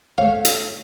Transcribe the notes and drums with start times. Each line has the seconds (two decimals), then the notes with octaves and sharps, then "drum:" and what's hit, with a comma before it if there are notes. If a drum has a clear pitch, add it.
0.18 A3 C#5 F5
0.45 drum: hi-hat